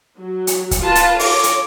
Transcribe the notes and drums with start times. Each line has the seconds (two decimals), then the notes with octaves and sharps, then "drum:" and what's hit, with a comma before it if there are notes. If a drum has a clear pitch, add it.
0.17 F#3
0.47 drum: hi-hat
0.71 drum: kick, hi-hat
0.81 F4 B4 A5
0.95 drum: hi-hat
1.19 A4 C#5 D6, drum: open hi-hat
1.44 drum: hi-hat